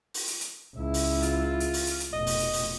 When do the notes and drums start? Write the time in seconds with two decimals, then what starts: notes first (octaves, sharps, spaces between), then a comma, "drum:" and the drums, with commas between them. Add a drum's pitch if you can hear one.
0.14 drum: open hi-hat
0.27 drum: hi-hat
0.41 drum: hi-hat
0.76 C#2 E4
0.94 drum: open hi-hat
1.22 F4, drum: hi-hat
1.60 drum: hi-hat
1.73 drum: open hi-hat
1.87 drum: hi-hat
2.00 drum: hi-hat
2.13 F1 B2 D#5
2.27 drum: open hi-hat
2.40 drum: hi-hat
2.53 drum: open hi-hat